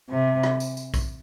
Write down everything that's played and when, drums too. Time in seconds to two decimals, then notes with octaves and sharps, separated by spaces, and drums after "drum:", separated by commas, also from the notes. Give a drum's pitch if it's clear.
0.10 C3
0.43 drum: rim click
0.60 drum: tambourine
0.77 drum: tambourine
0.94 drum: kick A#1, tambourine